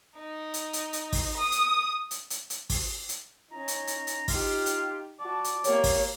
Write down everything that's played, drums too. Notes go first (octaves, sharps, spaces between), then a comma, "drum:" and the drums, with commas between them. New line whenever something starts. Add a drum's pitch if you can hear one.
D#4
drum: hi-hat
drum: hi-hat
drum: hi-hat
drum: kick, open hi-hat
D#6
drum: hi-hat
drum: hi-hat
drum: hi-hat
drum: hi-hat
drum: kick, open hi-hat
drum: hi-hat
C#4 D#4 A#5
drum: hi-hat
drum: hi-hat
drum: hi-hat
D#4 F4 G4, drum: kick, open hi-hat
drum: hi-hat
F#4 D5 A5
drum: hi-hat
A#3 G4 C#5, drum: hi-hat
drum: kick, open hi-hat